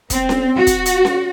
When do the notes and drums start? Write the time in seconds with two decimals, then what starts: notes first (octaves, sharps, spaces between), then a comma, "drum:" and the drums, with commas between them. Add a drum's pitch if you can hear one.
0.10 C4, drum: kick, hi-hat
0.29 drum: snare C#4
0.56 F#4
0.67 drum: kick, hi-hat
0.86 drum: hi-hat
1.05 drum: snare C#4